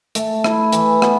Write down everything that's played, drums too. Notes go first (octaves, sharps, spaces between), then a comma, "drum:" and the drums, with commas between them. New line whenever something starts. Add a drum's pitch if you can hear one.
A3, drum: hi-hat
E4, drum: rim click
E3, drum: hi-hat
B3, drum: rim click